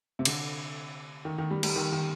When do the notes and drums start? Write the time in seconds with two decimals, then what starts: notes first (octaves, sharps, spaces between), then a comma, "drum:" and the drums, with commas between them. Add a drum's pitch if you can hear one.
0.19 C3
0.25 D3, drum: cymbal
1.25 D#3
1.38 D#3
1.51 G3
1.63 G3, drum: cymbal
1.76 D#3
1.92 D#3